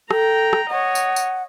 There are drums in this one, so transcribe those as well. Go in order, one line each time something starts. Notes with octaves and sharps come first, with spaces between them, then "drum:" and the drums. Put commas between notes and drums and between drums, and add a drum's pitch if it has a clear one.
A4 G5 A#5, drum: rim click
drum: rim click
C#5 D#5 F#5
drum: tambourine
drum: tambourine